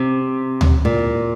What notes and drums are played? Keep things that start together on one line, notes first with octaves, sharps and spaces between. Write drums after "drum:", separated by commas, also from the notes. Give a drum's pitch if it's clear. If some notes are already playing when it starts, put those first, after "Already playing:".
Already playing: C3
drum: tom D2
A#2